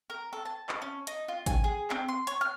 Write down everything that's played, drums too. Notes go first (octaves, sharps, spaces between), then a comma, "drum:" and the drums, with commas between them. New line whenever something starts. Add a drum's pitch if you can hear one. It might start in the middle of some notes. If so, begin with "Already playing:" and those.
A#4
A4
A5
drum: clap
C#4
D#4, drum: hi-hat
F4
G#5, drum: kick G#1, hi-hat
G#4
C4, drum: clap
C6
C#5, drum: hi-hat
F6